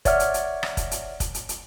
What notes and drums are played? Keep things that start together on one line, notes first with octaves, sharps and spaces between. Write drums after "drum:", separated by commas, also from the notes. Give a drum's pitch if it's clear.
C#5 D5 E5 F#5 F6, drum: kick, hi-hat
drum: hi-hat
drum: hi-hat
drum: rim click
drum: kick, hi-hat
drum: hi-hat
drum: kick, hi-hat
drum: hi-hat
drum: hi-hat